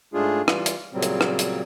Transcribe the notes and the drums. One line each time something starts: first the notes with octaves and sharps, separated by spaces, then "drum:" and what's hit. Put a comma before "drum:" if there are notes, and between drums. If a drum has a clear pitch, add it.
G#2 G#3 A3 D4 F4 G#4
E3 G3 F4, drum: rim click
drum: hi-hat
A#2 C#3 F#3 G3 C4
drum: hi-hat
drum: rim click
drum: hi-hat